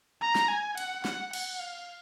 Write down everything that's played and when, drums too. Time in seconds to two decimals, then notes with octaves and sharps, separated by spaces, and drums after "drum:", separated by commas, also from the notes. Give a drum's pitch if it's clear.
0.21 A#5
0.35 drum: snare
0.48 G#5
0.78 F#5, drum: cymbal
1.05 F#5, drum: snare
1.33 F#5, drum: cymbal
1.60 F5